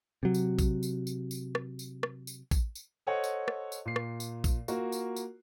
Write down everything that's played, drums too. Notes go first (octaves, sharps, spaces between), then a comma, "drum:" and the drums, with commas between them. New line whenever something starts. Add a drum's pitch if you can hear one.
C3 F#3
drum: tambourine
drum: kick, tambourine
drum: tambourine
drum: tambourine
drum: tambourine
drum: rim click
drum: tambourine
drum: rim click
drum: tambourine
drum: kick, tambourine
drum: tambourine
A4 C5 C#5 D#5 F#5
drum: tambourine
drum: rim click
drum: tambourine
A#2 C7
drum: rim click
drum: tambourine
drum: kick, tambourine
A#3 F4 F#4, drum: tambourine
drum: tambourine
drum: tambourine